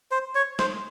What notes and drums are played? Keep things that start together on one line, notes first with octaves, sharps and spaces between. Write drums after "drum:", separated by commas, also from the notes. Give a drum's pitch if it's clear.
C5
C#5
C5, drum: snare